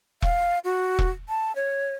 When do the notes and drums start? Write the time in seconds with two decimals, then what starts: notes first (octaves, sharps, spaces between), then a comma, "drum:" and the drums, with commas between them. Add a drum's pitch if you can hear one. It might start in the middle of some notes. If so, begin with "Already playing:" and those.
0.22 F5, drum: kick E1
0.64 F#4
0.99 drum: kick E1
1.29 A5
1.56 C#5